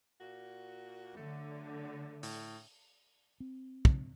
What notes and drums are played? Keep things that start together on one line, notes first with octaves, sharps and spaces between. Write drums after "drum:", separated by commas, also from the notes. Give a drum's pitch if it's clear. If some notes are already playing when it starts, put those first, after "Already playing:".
A#2 F#4
D3 F#3 A3
A2, drum: open hi-hat
C4
drum: kick